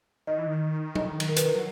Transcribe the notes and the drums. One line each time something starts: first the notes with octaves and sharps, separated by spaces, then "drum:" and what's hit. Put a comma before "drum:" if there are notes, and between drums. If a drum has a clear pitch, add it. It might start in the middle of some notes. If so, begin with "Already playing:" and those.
D#3 D#5
E3
D#3
D#5, drum: tom
drum: cymbal
A#4
B4, drum: hi-hat
A#4
F#3